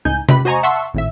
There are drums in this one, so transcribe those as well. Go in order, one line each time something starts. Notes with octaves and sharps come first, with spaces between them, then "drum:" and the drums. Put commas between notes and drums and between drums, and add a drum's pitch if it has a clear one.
C#2 A2 D#4 G#5 G6
G4 B4 B5, drum: tom C3
F#4 C5 D#5 G#5 A#5 C#6
E5 F#5 A5 C6 C#6 E6
G#1 A2 E5